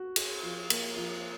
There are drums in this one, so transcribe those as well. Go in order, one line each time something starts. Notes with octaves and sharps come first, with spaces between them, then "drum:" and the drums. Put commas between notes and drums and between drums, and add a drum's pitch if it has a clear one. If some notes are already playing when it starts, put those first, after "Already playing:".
Already playing: F#4
G#4, drum: cymbal
F3
A#3, drum: cymbal
F3